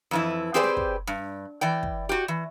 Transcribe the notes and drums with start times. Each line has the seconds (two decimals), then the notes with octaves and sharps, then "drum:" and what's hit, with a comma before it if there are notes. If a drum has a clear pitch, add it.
0.11 F2 E3 E4
0.54 C4 G4 G#4 B4 C5 D5
0.63 drum: snare
0.77 drum: kick
1.07 G2
1.61 E3 D5 G5
1.83 drum: kick
2.09 F#4 G4
2.28 E3